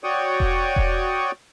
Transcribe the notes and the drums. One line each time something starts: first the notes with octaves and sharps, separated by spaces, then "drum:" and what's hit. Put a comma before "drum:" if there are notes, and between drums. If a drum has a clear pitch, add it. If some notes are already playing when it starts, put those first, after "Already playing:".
F#4 C#5 D5 G5 C#6 D#6
drum: kick E1
drum: kick E1